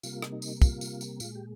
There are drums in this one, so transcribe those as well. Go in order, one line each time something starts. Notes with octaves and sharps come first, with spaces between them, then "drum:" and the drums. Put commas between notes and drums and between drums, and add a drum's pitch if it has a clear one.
C3 G3 A#3 F4, drum: tambourine
drum: rim click
D#4
drum: tambourine
F4, drum: kick, tambourine
drum: tambourine
drum: tambourine
A#2 G#3 F4, drum: tambourine
G4